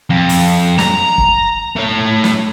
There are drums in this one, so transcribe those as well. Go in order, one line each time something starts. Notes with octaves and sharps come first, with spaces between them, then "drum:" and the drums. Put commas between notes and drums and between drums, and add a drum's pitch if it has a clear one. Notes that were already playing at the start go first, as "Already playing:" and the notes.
F2
drum: open hi-hat
A#5, drum: snare
drum: kick
A3 C#5
drum: snare